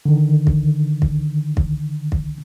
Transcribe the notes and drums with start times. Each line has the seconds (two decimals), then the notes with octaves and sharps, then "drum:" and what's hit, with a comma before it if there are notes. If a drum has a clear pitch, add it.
0.06 D3 D#3
0.47 drum: kick
1.02 drum: kick
1.57 drum: kick
2.12 drum: kick